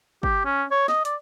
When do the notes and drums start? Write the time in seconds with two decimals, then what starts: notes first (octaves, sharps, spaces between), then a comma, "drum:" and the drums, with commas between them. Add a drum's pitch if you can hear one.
0.23 G4, drum: kick
0.45 C#4
0.71 C#5
0.88 D#5, drum: snare
1.05 D5, drum: hi-hat